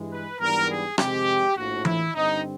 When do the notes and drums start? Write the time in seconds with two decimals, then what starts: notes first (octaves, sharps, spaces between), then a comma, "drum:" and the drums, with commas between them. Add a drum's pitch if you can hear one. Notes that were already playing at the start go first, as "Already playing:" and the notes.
Already playing: G2 E3 G#3
0.10 B4
0.39 G#2 E3 G3 B3 D4 A#4
0.69 G#4
0.98 F2 C3 D#3 G#3 C4 G4, drum: rim click
1.56 A#1 A2 F3 F#4
1.85 E4, drum: tom E3
2.15 G2 D3 G3 C4 D#4